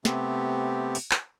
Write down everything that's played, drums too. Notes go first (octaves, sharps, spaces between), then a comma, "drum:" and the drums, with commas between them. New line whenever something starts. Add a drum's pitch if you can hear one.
C3 A3 B3 C4 G4, drum: snare
drum: open hi-hat
drum: clap